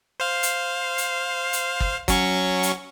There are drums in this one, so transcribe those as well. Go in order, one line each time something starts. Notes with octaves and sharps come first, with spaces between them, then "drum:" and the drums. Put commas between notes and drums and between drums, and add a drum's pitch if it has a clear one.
C5 F5
drum: hi-hat
drum: hi-hat
drum: hi-hat
drum: kick
F#3 C#4 C#6, drum: kick, hi-hat
drum: hi-hat